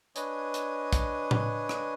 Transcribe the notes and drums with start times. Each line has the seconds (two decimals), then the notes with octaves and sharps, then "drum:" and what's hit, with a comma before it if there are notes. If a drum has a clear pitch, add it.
0.16 D4 B4 C#5 D#5 G#5, drum: hi-hat
0.54 drum: hi-hat
0.93 drum: kick, hi-hat
1.31 drum: tom A2
1.69 drum: rim click